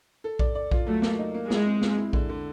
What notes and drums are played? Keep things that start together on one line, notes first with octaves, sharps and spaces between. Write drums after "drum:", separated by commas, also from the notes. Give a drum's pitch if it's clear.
A4
D5, drum: kick A#1
D5
F4, drum: kick A#1
F#3 A3
A#3, drum: snare
D#4
A#3
G#3 E4, drum: snare
C4
C4, drum: snare
E4
D3, drum: kick A#1
D3